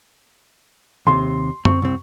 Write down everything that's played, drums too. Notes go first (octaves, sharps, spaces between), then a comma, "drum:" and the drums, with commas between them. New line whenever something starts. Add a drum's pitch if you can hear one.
D#2 C3 C6
C4 C#6, drum: tom F#2
C2 C4